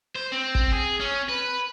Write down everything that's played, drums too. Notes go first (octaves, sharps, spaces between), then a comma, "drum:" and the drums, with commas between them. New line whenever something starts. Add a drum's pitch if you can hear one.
C5
C4
drum: kick
G#4
C#4
B4